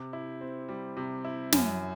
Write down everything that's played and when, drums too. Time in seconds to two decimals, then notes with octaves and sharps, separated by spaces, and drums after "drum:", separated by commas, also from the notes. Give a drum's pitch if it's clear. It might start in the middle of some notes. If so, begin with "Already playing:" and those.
Already playing: C3
0.13 E4
0.41 C4
0.69 G3
0.97 C3
1.25 E4
1.52 F#2, drum: snare